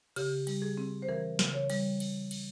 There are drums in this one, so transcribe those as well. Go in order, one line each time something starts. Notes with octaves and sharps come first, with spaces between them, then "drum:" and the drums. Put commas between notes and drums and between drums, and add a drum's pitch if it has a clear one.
C#3 G4, drum: cymbal
G3, drum: cymbal
G#4
C4
C5
E3 A#4
C#3, drum: snare
C#5
G3, drum: cymbal
drum: cymbal
drum: cymbal